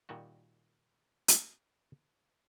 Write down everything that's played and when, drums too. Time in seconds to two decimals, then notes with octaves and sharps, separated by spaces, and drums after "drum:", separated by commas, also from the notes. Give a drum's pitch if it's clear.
0.09 A#2 D#3 G3 F#4
1.28 drum: hi-hat